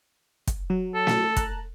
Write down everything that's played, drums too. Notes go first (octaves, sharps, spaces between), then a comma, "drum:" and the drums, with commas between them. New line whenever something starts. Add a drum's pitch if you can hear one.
drum: kick, hi-hat
F#3 F#4
A4
drum: snare
A5 A#5 F#6, drum: kick, hi-hat